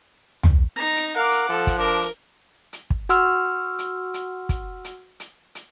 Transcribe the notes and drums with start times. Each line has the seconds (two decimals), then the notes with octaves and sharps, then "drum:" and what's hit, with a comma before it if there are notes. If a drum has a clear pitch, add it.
0.43 drum: tom
0.76 D#4 A#5
0.96 drum: hi-hat
1.16 A#4 F5 F#5 D6
1.32 drum: hi-hat
1.49 F3 A4
1.67 drum: kick, hi-hat
1.78 D4 A#4
2.02 drum: hi-hat
2.73 drum: hi-hat
2.90 drum: kick
3.09 F#4 F#5 C6 E6 F6, drum: hi-hat
3.79 drum: hi-hat
4.14 drum: hi-hat
4.49 drum: kick, hi-hat
4.84 drum: hi-hat
5.20 drum: hi-hat
5.55 drum: hi-hat